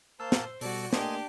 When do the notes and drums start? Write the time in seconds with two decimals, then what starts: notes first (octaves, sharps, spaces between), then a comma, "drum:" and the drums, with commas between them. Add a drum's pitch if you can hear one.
0.20 A#3 C5 F5 A5 E6
0.32 drum: snare
0.61 B2 G3 F#4 A4 D5, drum: open hi-hat
0.93 A3 A#3 D4 G4 A#4 D#5 G#5 C6, drum: snare